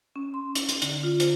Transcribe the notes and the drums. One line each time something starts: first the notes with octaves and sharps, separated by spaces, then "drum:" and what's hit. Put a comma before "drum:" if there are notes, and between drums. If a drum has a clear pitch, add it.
C#4
C6
drum: hi-hat
drum: hi-hat
D3, drum: hi-hat
F4
C5, drum: hi-hat